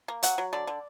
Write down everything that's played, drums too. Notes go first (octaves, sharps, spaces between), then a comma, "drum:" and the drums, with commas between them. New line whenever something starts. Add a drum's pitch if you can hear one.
A#3
F#3 F#5, drum: hi-hat
F#3
D3 D5
D3